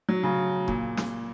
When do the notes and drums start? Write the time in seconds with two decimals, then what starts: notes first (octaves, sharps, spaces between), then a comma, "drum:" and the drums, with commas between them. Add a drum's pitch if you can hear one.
0.09 F#3
0.23 C#3
0.68 A#2, drum: kick E1
0.97 drum: snare